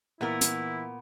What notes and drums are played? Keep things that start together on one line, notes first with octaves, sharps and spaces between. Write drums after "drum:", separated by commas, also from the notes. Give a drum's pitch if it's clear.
A#2 E3 B3 E4 A#4
drum: hi-hat